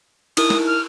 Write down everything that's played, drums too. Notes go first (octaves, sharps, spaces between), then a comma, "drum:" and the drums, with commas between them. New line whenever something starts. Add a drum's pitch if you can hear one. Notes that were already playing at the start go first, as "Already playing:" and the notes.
D#4 E4 A#4 D#6, drum: cymbal
drum: snare
F6